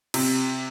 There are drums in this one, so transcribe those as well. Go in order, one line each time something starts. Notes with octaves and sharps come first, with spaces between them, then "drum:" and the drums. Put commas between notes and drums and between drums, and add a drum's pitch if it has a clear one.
C3, drum: cymbal